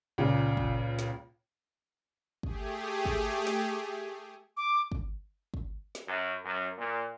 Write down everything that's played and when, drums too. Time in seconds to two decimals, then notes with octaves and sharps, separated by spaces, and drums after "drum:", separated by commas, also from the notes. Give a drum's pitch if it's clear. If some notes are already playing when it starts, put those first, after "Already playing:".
0.18 C#2 A#2 C#3
0.57 drum: kick
0.99 drum: snare
2.43 A3 G4 G#4, drum: kick
3.05 drum: kick
3.47 drum: snare
4.57 D6
4.92 drum: kick
5.54 drum: kick
5.95 drum: snare
6.07 F#2
6.44 F#2
6.78 A#2